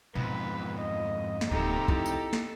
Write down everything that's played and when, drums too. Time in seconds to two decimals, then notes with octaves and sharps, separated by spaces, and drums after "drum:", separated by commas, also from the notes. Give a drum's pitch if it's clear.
0.15 F2 G#2 B2 B4
0.79 D#5
1.41 drum: snare
1.51 D1 F2 C3 A#3 D#4 G4 A4 A#5
1.88 E4, drum: kick B1
2.06 drum: tambourine
2.33 drum: snare